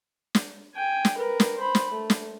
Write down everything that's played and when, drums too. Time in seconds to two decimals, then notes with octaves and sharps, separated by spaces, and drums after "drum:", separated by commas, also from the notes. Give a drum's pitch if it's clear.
0.35 drum: snare
0.75 G5 G#5
1.05 drum: snare
1.17 A#4 B4
1.40 drum: snare
1.57 C5 B5
1.75 drum: snare
1.92 A3
2.10 drum: snare